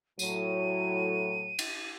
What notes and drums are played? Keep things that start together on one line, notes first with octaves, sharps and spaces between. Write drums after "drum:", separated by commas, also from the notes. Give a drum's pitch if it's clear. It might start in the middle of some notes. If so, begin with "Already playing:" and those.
A2 F#3 D#7, drum: tambourine
drum: cymbal